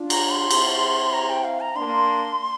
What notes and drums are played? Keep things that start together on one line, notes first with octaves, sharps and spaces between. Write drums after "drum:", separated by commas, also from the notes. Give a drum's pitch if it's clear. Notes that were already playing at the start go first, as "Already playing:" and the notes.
Already playing: D4 F4
A#5, drum: cymbal
C6
C4 E4, drum: cymbal
A#5
G5
F5
A#5
A#3 D4 C6